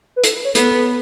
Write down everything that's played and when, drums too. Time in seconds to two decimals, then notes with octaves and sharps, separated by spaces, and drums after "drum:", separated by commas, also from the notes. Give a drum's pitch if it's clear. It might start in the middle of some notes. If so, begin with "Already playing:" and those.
0.16 B4
0.24 A4, drum: hi-hat
0.34 B4
0.45 C#5
0.55 B3 A4, drum: hi-hat